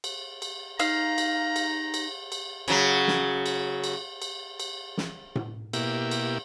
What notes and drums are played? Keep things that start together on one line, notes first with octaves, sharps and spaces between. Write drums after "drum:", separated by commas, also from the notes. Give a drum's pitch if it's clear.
drum: cymbal
drum: cymbal
D#4 F5 A#5, drum: cymbal
drum: cymbal
drum: cymbal
drum: cymbal
drum: cymbal
C#3 F#3, drum: cymbal
drum: snare
drum: cymbal
drum: cymbal
drum: cymbal
drum: cymbal
drum: snare
drum: tom A2
B2 A#3 E4 G4, drum: cymbal
drum: cymbal